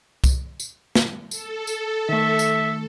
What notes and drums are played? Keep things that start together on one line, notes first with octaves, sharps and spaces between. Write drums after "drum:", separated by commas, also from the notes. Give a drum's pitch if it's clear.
drum: kick, tambourine
drum: tambourine
drum: snare
A4, drum: tambourine
drum: tambourine
D#3 A3 E5
drum: tambourine